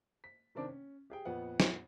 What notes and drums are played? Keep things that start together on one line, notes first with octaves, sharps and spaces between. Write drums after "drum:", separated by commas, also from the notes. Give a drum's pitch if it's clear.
B6
C3 D#3 C4 D4 D6
C#4
G4 G#4 G5
F2 A#2 B3 F#5
drum: snare